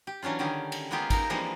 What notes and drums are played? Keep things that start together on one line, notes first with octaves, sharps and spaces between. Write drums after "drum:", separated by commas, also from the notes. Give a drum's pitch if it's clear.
G4
E3 F#3 C#4 D4 F4
D3 D#3 G3 C#4 G4 G#4
drum: cymbal
G#3 A#3 B3 F4 G4 G#4
D#4 A#4, drum: kick, cymbal
E3 F3 G3 G#3 A#3 D4